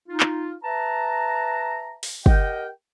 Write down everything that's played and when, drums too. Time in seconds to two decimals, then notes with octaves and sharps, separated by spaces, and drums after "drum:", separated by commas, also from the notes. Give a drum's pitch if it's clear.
0.09 D#4 F4
0.20 drum: clap
0.64 B4 E5 A5 A#5
2.03 drum: open hi-hat
2.26 G4 A#4 D#5 F#5 G5, drum: kick